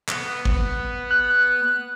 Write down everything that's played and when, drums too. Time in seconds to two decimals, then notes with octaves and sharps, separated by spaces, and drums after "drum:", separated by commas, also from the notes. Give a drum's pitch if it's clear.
0.08 B3, drum: clap
0.45 drum: kick
1.11 F#6